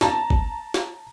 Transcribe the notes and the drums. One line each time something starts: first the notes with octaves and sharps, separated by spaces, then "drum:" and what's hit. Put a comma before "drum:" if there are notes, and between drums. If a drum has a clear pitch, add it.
A5 A#5, drum: snare
drum: kick
drum: snare